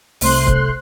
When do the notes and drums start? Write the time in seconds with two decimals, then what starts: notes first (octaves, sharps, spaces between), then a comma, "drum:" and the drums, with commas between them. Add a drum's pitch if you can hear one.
0.21 C2 A3 C5 C6 F#6, drum: open hi-hat
0.47 drum: kick C#1